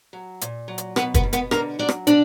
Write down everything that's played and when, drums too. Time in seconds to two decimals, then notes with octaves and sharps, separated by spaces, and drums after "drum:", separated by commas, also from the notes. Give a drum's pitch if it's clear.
0.13 F#3
0.41 A#2, drum: hi-hat
0.68 F#3
0.78 drum: hi-hat
0.96 B2 B3 B4, drum: rim click
1.14 B3 B4, drum: kick, hi-hat
1.23 B2
1.33 B3 B4, drum: hi-hat
1.51 D3 A#3 A#4, drum: rim click
1.79 F#3 D4 D5
1.89 drum: rim click
2.07 B2 D4 D5, drum: hi-hat